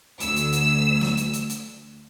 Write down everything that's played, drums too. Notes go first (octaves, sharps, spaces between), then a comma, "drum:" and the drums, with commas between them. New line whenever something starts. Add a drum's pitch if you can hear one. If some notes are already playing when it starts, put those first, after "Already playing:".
D2 E6, drum: hi-hat
drum: hi-hat
drum: hi-hat
drum: snare
drum: hi-hat
drum: hi-hat
drum: hi-hat